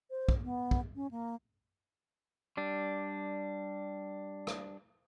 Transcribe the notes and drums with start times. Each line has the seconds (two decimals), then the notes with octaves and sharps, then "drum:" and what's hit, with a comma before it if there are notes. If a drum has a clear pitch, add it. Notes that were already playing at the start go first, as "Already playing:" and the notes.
0.10 C5
0.29 drum: kick
0.44 B3
0.71 drum: kick
0.95 C#4
1.11 A#3
2.57 G3 D4
4.47 drum: rim click